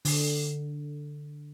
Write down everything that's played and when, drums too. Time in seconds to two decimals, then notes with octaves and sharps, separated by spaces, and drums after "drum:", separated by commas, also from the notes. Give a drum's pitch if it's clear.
0.05 D3, drum: open hi-hat